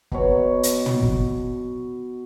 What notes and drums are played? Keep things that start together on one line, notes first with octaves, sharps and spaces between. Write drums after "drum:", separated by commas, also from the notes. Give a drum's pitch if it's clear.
B2 C#5, drum: kick
drum: hi-hat
drum: tom
drum: kick